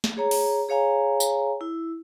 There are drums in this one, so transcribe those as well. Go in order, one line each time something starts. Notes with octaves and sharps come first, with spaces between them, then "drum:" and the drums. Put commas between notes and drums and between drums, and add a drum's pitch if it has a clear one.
drum: snare
G#4 C#5 A#5
drum: open hi-hat
G#4 C#5 F5 G#5 A#5
drum: tambourine
E4